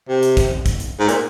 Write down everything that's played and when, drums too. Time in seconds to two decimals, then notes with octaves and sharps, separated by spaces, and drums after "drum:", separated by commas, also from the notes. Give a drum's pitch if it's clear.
0.09 C3
0.23 drum: hi-hat
0.37 drum: kick, hi-hat
0.51 drum: tom E2
0.66 drum: kick, hi-hat
0.80 drum: hi-hat
0.99 G#2
1.09 A#2, drum: hi-hat